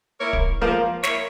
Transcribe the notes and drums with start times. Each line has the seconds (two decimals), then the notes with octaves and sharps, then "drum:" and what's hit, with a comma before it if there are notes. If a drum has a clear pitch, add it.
0.20 A#3 E4 A#4 C#5
0.33 drum: kick
0.61 F3 A#3 A#4
1.03 A#3 E4 A#4 C#5, drum: snare